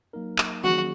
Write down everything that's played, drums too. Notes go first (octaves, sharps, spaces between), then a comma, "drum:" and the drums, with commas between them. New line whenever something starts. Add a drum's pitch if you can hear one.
F#3 A#3 D#4 A#4
drum: clap
D#3 F#3 A#3 C#4 F#4 G#4, drum: tom E3